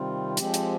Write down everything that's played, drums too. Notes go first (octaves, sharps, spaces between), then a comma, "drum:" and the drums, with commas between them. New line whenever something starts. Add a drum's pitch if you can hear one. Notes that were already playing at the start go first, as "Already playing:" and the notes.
Already playing: C3 D#3 G3 C4 F4
F3 G#3 C4 G4, drum: hi-hat
drum: hi-hat